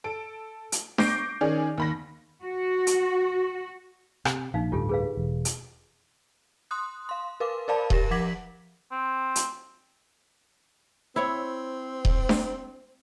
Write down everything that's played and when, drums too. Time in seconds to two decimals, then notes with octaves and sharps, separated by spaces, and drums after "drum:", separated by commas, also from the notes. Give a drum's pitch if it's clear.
0.04 A4 D7
0.72 drum: hi-hat
0.98 C#6 D6 G6 A#6 C7 D7, drum: snare D4
1.41 D#3 C#4 G#4 D5
1.78 D#2 B5 A#6
2.43 F#4
2.87 drum: hi-hat
4.25 C3, drum: rim click
4.54 A#1 D#4 F5
4.72 D1 G2 F4 G4 A4
4.89 G#4 B4 F5
5.17 E1
5.45 drum: hi-hat
6.71 C6 D#6 F#6
7.09 F5 C6
7.40 A#4 B4 F5 D6
7.68 A#4 C5 D5 F5 A5 B5
7.90 G4 A#4 A#6 E7, drum: kick D#1
8.11 F3 F#5 D6 G#6 B6 F#7
8.91 C4
9.36 drum: hi-hat
11.16 C4 E4 C#5
12.05 drum: kick D#1
12.29 drum: snare D4